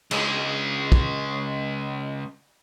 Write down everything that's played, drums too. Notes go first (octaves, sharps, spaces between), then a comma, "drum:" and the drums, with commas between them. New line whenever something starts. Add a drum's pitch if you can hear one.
C#2 G#3, drum: cymbal
drum: kick